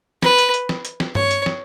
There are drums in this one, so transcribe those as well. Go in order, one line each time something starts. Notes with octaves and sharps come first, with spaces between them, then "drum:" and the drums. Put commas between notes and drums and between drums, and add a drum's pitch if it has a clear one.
B4, drum: snare
drum: hi-hat
drum: hi-hat
drum: snare
drum: hi-hat
drum: snare
C#5, drum: tom G2
drum: hi-hat
drum: snare